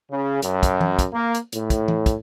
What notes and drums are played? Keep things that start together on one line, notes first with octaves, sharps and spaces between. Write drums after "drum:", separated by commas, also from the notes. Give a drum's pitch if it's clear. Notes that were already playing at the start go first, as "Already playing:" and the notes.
C#3
F#2, drum: hi-hat
drum: kick, hi-hat
drum: tom E3
drum: kick, hi-hat
A#3
drum: hi-hat
A2, drum: hi-hat
drum: kick, hi-hat
drum: tom E3
drum: kick, hi-hat